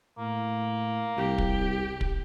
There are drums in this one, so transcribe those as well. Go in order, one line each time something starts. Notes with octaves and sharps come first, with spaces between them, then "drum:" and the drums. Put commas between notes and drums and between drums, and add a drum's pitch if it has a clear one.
A2 A#3
C2 G4
drum: kick
drum: kick